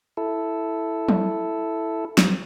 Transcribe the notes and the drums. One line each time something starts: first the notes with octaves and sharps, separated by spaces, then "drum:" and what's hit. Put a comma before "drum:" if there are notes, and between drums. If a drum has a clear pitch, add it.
E4 A4
drum: tom
drum: snare